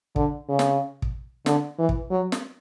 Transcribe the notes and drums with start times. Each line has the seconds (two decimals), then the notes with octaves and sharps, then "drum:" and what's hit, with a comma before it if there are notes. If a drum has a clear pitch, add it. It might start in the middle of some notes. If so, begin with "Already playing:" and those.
0.16 D3, drum: kick
0.49 C#3
0.59 drum: snare
1.02 drum: kick
1.46 D3, drum: snare
1.79 E3
1.89 drum: kick
2.11 F#3
2.32 drum: snare